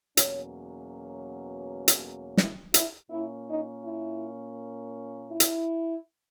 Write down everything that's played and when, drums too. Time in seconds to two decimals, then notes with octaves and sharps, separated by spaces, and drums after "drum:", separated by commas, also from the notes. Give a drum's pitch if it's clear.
0.17 E2 B2 F#3 A#3 C#4 C#5, drum: hi-hat
1.88 drum: hi-hat
2.37 E4, drum: snare
2.74 E4, drum: hi-hat
3.11 A#2 A#3 C#4 E4
3.47 D#4
3.84 E4
5.30 E4
5.40 drum: hi-hat